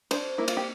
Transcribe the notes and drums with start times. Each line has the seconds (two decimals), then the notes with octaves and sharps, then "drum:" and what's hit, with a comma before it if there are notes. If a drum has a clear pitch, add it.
0.11 D4 C5, drum: cymbal
0.38 A#3 E4
0.48 F4, drum: cymbal
0.57 G4